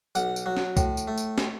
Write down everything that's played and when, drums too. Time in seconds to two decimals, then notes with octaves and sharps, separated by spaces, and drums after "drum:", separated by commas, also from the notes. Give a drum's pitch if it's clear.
0.15 B1 F#5, drum: tambourine
0.36 drum: tambourine
0.46 F#3
0.57 drum: snare
0.77 A2, drum: kick, tambourine
0.97 drum: tambourine
1.08 A3
1.18 drum: tambourine
1.38 G#5, drum: snare